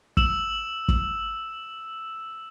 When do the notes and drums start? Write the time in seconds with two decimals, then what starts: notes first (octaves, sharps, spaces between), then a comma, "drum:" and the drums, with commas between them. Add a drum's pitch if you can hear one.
0.17 E6 E7 F#7, drum: kick
0.88 drum: kick